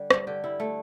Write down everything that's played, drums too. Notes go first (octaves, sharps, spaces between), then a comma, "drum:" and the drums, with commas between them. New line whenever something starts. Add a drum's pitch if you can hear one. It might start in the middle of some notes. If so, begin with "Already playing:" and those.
Already playing: D3 G3 G4
G2, drum: rim click
D3 G4
G3 E4
A3